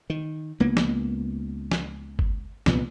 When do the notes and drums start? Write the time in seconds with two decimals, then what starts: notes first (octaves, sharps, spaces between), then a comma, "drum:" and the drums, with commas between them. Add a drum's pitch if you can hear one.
0.10 D#3
0.60 C#2 A#3 B3
0.77 drum: snare
1.72 drum: snare
2.19 drum: kick G1
2.66 C2 A#2 F3 B3, drum: snare